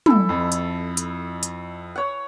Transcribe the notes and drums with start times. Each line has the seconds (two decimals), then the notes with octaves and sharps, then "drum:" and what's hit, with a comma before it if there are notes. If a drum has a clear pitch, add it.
0.06 E4 A4, drum: tom
0.29 F2
0.52 drum: hi-hat
0.97 drum: hi-hat
1.43 drum: hi-hat
1.96 C#5 F#5